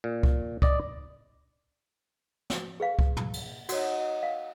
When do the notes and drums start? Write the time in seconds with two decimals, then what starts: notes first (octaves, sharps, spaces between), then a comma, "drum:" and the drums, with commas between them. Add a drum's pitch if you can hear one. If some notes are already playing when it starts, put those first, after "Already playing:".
0.04 A#2
0.23 drum: kick
0.62 D5 D#5, drum: kick
2.50 drum: snare
2.80 G#4 B4 F5
2.99 drum: kick
3.17 drum: tom
3.33 drum: cymbal
3.69 D#4 F#4 C#5 F#5, drum: cymbal
4.23 F5